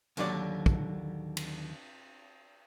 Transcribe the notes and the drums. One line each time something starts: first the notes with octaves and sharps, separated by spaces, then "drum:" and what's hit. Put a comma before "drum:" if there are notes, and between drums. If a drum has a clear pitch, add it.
D#2 D3 F#3 D4 D5, drum: cymbal
drum: kick
drum: cymbal